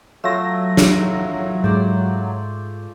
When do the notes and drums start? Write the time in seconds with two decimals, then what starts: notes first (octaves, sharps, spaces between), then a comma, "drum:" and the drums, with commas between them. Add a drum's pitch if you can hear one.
0.24 F#3 A3 F4 E6 A#6
0.77 drum: snare
1.64 G#2 C5 D5